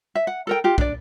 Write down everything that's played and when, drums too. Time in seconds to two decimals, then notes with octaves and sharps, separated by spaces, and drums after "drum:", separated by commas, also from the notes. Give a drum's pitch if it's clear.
0.15 E5
0.27 F#5
0.47 A4 A#4 G5
0.64 F4 G4
0.78 D4 D5, drum: kick